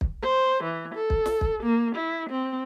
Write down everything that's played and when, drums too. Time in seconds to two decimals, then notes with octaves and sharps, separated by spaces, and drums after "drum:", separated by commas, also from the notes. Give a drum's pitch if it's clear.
0.01 drum: kick
0.23 C5
0.64 E3
0.94 A4
1.10 drum: kick
1.26 drum: snare
1.41 drum: kick
1.63 A#3
1.95 E4
2.30 C4